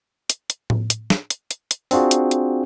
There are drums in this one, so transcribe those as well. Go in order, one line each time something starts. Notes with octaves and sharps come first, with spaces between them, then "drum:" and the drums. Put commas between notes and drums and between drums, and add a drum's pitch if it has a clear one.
drum: hi-hat
drum: hi-hat
drum: tom A2
drum: hi-hat
drum: snare
drum: hi-hat
drum: hi-hat
drum: hi-hat
C4 D4 F4 F#4 G#4, drum: open hi-hat
drum: hi-hat
drum: hi-hat